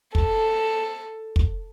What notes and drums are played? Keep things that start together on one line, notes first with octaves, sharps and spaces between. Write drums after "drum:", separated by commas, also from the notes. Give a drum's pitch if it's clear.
A4, drum: kick
drum: kick